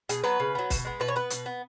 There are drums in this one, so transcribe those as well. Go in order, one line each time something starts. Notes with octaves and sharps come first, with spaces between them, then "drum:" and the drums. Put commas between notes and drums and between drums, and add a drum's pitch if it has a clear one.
B2 G#4, drum: hi-hat
F#3 B3 B4
C#3
F#3 B3
B2, drum: kick, open hi-hat
G#3 B3
B2 B4
C#5
B3 B4
B2, drum: hi-hat
B3